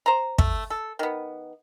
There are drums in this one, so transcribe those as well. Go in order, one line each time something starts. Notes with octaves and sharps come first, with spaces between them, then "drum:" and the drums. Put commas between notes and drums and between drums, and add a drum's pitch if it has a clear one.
C5 A#5
A3, drum: kick
A4
D#3 B3